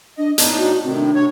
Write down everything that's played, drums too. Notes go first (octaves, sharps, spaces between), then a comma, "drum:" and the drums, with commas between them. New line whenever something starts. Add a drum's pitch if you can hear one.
D4 D#5
A2 B3 D4 D#4, drum: hi-hat
F#4
A2 C3 D#3 C4
D4
C3 C#5